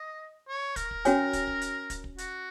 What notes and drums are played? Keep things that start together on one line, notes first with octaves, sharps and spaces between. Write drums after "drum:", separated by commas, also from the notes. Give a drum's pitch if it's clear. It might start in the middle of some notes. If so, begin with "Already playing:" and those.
Already playing: D#5
C#5
A#4, drum: kick, hi-hat
drum: kick
C#4 F#4 C#5 G#5, drum: hi-hat
drum: kick, hi-hat
drum: kick
drum: hi-hat
drum: kick, hi-hat
drum: kick
F#4, drum: hi-hat